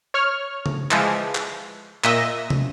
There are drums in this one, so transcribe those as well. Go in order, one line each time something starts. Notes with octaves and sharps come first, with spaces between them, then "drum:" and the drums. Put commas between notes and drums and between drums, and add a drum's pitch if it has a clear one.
C#5 F6
drum: tom C#3
E3 F3 G#3, drum: clap
drum: clap
A#2 D#5 E5 A#6, drum: clap
drum: tom